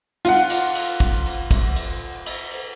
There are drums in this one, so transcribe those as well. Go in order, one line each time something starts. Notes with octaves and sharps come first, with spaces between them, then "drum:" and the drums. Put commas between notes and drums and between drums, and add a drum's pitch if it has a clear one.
F4 F#5, drum: cymbal
drum: cymbal
drum: cymbal
drum: kick
drum: cymbal
drum: kick, cymbal
drum: cymbal
drum: cymbal
drum: cymbal